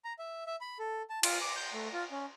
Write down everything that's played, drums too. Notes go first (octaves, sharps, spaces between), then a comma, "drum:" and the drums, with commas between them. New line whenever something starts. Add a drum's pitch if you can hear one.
A#5
E5
E5
B5
A4
A5
F4, drum: cymbal
D6
G6
A3
F4
C#4